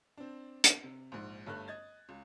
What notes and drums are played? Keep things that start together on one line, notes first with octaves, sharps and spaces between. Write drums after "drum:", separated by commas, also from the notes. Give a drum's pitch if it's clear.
C4 D4
drum: hi-hat
C3
A#1 G#2
G1 G2 A3 F#6
D#5 G#6 A6
C#2